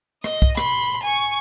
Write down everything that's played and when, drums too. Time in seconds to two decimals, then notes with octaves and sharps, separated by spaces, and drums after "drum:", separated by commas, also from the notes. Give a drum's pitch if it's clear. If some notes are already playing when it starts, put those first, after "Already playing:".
0.24 D#5, drum: rim click
0.42 drum: kick
0.57 B5 C6, drum: rim click
1.03 G#5 C#6